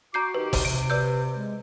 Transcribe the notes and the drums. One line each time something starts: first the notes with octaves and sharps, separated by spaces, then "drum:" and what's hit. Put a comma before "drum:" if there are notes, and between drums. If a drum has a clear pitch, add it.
F#4 A#5 D6 G6 C7
D#3 D#4 G4 B4
drum: kick, open hi-hat
C3 D7
B4 D5 E6 G6
G#3